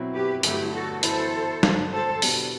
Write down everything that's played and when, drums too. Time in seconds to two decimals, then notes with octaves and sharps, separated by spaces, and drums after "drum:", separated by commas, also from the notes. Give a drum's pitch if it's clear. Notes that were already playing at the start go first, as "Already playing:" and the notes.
Already playing: B2 F#3 C4 E4
0.14 G4 B4
0.43 G2 D3 F#3 A3 E4 G4, drum: hi-hat
0.73 F#4 A4
1.03 F#2 E3 B3 E4 A4 C5, drum: hi-hat
1.63 G2 D3 F#3, drum: snare
1.93 A4 C5
2.22 E2 B2 G3 B3 D4, drum: open hi-hat